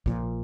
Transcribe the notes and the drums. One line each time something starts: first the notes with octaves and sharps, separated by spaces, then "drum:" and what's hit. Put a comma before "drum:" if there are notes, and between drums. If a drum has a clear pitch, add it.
A#1 A#2 F3, drum: kick